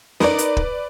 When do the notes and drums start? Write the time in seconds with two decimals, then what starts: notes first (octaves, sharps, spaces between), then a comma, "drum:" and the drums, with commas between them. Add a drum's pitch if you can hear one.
0.20 D#4 A#4 B4 D5, drum: snare
0.38 drum: hi-hat
0.57 drum: kick